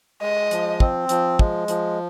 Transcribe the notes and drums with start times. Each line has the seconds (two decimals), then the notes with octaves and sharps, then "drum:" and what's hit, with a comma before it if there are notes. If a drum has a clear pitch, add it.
0.22 G#3 D#5
0.51 F3, drum: hi-hat
0.80 C4, drum: kick
1.09 F3, drum: hi-hat
1.39 G#3, drum: kick
1.68 F3, drum: hi-hat